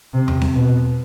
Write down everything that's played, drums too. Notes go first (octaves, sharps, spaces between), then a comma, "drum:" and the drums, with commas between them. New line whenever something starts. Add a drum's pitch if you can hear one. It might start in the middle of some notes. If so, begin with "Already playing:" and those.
C3
drum: tom E2
drum: snare C4
B2